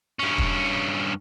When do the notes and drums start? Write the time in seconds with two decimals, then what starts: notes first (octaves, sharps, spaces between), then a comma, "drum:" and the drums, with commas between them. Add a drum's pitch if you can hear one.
0.19 G2 C#4
0.38 drum: kick